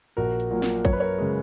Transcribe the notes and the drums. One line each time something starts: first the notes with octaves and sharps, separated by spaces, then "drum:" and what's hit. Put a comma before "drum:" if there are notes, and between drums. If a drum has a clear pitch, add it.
A#1 F#4 A#4
drum: hi-hat
A#2 F#3 A#3
drum: snare
F#2 C#5, drum: kick, hi-hat
B4
A#4 C#5
C#3 G#3